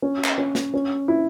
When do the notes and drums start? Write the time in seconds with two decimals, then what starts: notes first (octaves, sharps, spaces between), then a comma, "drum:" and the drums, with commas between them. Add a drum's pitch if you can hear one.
0.02 C#4
0.25 drum: clap
0.38 C#4
0.55 drum: snare
0.74 C#4
1.08 E4